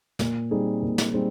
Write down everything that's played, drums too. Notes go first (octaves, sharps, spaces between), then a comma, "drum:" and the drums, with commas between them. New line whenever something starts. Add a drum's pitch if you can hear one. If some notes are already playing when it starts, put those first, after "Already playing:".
A#2, drum: snare
G3 C4 D#4 G#4
A#2
drum: snare
G3 C4 D#4 G#4